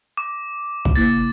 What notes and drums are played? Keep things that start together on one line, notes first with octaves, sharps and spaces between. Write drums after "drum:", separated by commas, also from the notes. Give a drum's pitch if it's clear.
D6
drum: kick
C3 A#3 E4 A6